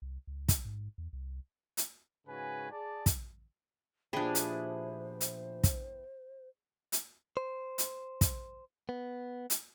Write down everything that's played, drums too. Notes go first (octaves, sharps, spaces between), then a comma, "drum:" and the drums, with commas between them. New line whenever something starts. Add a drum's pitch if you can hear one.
C2
C#2
drum: kick, hi-hat
G#2
E2
C2
drum: hi-hat
G#2 C#3 F#4 B4 G#5
G#4 D5 A5
drum: kick, hi-hat
A#2 F3 B3 D4 E4 G4 G#4 C5
drum: hi-hat
drum: hi-hat
drum: kick, hi-hat
drum: hi-hat
C5
drum: hi-hat
drum: kick, hi-hat
B3
drum: hi-hat